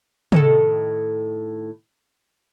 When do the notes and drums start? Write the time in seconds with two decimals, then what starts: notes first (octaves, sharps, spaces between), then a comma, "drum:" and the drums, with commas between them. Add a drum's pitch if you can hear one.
0.32 A2 D#3 A4, drum: tom